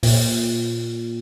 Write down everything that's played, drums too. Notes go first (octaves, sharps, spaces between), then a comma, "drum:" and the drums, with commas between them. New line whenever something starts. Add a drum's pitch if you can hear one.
A#2, drum: open hi-hat